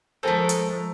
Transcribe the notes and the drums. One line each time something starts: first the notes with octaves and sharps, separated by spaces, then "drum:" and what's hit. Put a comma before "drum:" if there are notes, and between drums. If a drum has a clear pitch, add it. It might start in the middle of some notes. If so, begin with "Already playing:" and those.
F3 G#3 A3 A4 A#4 C5 G#5
drum: hi-hat